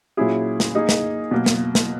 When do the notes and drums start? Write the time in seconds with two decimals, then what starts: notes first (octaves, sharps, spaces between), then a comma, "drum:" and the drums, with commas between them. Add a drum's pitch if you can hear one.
0.17 A#2 F#3 C#4 E4 G#4
0.60 drum: snare
0.75 A#3 D#4 G#4
0.89 drum: snare
1.31 B2 F#3 A#3
1.46 drum: snare
1.75 drum: snare